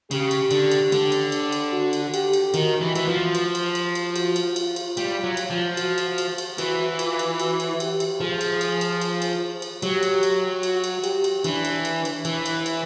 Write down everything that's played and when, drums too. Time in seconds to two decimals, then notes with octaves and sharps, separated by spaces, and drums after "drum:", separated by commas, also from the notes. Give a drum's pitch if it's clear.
0.11 C#3 G4, drum: cymbal
0.31 drum: cymbal
0.51 D3, drum: cymbal
0.71 drum: cymbal
0.92 D3, drum: cymbal
1.12 drum: cymbal
1.32 drum: cymbal
1.52 drum: cymbal
1.73 F#4
1.93 drum: cymbal
2.14 G4, drum: cymbal
2.33 drum: cymbal
2.54 D#3 F#4, drum: cymbal
2.81 E3
2.95 E3, drum: cymbal
3.08 F3
3.35 drum: cymbal
3.55 drum: cymbal
3.75 drum: cymbal
3.95 drum: cymbal
4.16 F#4, drum: cymbal
4.36 drum: cymbal
4.56 F4, drum: cymbal
4.76 drum: cymbal
4.97 G3 F4, drum: cymbal
5.24 F#3
5.37 drum: cymbal
5.51 F3
5.77 F#4, drum: cymbal
5.98 drum: cymbal
6.18 drum: cymbal
6.38 drum: cymbal
6.58 E3 F#4, drum: cymbal
6.99 F4, drum: cymbal
7.19 drum: cymbal
7.40 F#4, drum: cymbal
7.60 drum: cymbal
7.80 G4, drum: cymbal
8.00 drum: cymbal
8.20 F3 G#4
8.41 drum: cymbal
8.61 drum: cymbal
8.81 drum: cymbal
9.02 drum: cymbal
9.22 drum: cymbal
9.62 drum: cymbal
9.82 F#3 G4, drum: cymbal
10.03 drum: cymbal
10.23 drum: cymbal
10.63 F#4, drum: cymbal
10.84 drum: cymbal
11.04 G4, drum: cymbal
11.24 drum: cymbal
11.44 E3 D4, drum: cymbal
11.65 drum: cymbal
11.85 drum: cymbal
12.05 drum: cymbal
12.25 E3 E4, drum: cymbal
12.46 drum: cymbal
12.66 drum: cymbal